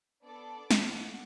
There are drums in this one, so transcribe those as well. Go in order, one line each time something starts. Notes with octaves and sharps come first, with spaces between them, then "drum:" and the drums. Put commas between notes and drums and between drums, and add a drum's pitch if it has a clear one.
B3 D4 A4 D5
drum: snare
F#5